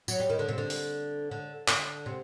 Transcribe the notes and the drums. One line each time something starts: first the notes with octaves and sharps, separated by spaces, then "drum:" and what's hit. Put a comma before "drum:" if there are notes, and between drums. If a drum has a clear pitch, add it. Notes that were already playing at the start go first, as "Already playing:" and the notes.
F#3, drum: tambourine
G3
D#3
D3
C3
D3
drum: open hi-hat
D3
D3, drum: clap
C3